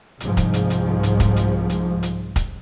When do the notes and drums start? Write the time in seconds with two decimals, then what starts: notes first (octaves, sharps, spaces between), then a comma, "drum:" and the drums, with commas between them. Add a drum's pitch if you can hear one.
0.20 C2 G#2 F3, drum: hi-hat
0.37 drum: kick, hi-hat
0.54 drum: hi-hat
0.70 drum: hi-hat
1.03 drum: hi-hat
1.20 drum: kick, hi-hat
1.36 drum: hi-hat
1.70 drum: hi-hat
2.03 drum: hi-hat
2.36 drum: kick, hi-hat